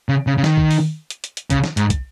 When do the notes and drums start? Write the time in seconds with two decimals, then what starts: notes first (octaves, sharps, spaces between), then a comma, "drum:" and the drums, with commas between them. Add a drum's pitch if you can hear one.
0.09 C#3
0.27 C#3
0.38 C#3
0.44 D#3, drum: snare
0.57 drum: kick
0.71 drum: open hi-hat
1.10 drum: hi-hat
1.24 drum: hi-hat
1.37 drum: hi-hat
1.50 C#3, drum: kick, hi-hat
1.64 drum: snare
1.77 G#2, drum: hi-hat
1.90 drum: kick, hi-hat